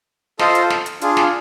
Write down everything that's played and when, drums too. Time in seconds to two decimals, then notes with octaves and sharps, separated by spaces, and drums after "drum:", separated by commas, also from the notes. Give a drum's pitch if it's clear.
0.39 F4 A4 C5 D#5, drum: snare
0.55 drum: hi-hat
0.70 drum: snare
0.86 drum: hi-hat
1.01 D4 F4 G#4, drum: hi-hat
1.17 drum: snare